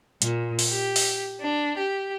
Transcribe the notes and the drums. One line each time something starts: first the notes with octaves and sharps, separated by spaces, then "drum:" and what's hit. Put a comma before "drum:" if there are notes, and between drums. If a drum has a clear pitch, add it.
A#2, drum: hi-hat
drum: open hi-hat
G4
drum: open hi-hat
D4
G4